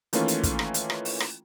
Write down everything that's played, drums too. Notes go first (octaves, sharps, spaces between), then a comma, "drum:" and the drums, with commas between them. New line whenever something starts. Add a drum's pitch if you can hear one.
D#3 E3 A3 A#3 C#4 F4, drum: hi-hat
drum: hi-hat
drum: kick, hi-hat
drum: rim click
drum: hi-hat
drum: rim click
drum: open hi-hat
drum: rim click